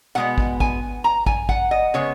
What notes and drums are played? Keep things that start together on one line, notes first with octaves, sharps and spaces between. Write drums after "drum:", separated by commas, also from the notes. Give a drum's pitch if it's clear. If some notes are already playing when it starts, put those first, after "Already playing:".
B2 G#3 B3 F#5
drum: kick
G#5, drum: kick
A#5
G#5, drum: kick
F#5, drum: kick
D#5
C#3 G#3 B3 C#5